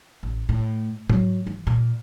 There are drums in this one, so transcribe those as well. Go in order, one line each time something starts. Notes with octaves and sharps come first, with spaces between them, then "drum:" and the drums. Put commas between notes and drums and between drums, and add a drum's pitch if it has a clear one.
A1
A2
F#3, drum: tom G#2
E3
A#2